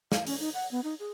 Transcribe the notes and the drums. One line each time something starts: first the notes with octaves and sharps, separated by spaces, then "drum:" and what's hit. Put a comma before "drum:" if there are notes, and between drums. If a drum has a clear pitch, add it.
F5, drum: snare
C#4, drum: open hi-hat
D#4
F#5
B3
D#4
G#4